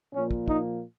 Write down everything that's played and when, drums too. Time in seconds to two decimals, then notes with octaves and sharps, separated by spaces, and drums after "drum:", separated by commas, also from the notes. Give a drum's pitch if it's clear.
0.14 A#2 F3 A#3 C#4
0.31 drum: kick
0.48 D#4, drum: kick